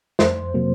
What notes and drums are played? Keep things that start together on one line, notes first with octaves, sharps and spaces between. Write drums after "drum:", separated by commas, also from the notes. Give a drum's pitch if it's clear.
F2 C5, drum: snare
C3 F#3 A#3